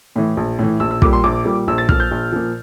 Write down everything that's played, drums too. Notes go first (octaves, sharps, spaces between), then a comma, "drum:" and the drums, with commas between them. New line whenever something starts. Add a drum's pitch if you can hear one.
A2 E3
A#1
A2 E3
A#1 E6
E6
A#2 G3 D6, drum: kick
C6
A#1 D6
A#2 G3
A#1 E6
A6
A#2 F3 F6, drum: kick
G6
A#1
A#2 F3